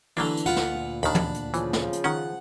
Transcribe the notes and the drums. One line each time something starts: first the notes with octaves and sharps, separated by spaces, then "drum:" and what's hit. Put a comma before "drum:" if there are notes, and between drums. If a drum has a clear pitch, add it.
D3 E3 F#3 A#3 D4
drum: hi-hat
D2 A#2 F4 B4 F#5
drum: snare
D#2 D#3 D4 B5
drum: tom
drum: hi-hat
C#3 E3 F3, drum: hi-hat
drum: snare
drum: hi-hat
D#3 C#4 F#5